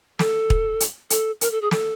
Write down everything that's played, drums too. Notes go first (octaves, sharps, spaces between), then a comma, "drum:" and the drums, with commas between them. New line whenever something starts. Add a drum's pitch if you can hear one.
A4, drum: snare
drum: kick
drum: hi-hat
A4, drum: hi-hat
A#4, drum: hi-hat
A4
G#4
A4, drum: snare